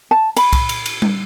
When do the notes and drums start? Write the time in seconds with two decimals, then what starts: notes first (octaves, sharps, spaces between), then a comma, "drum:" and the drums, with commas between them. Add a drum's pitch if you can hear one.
0.11 A5
0.37 B5, drum: cymbal
0.53 drum: kick C2, cymbal
0.69 drum: cymbal
0.86 drum: cymbal
1.02 drum: tom G3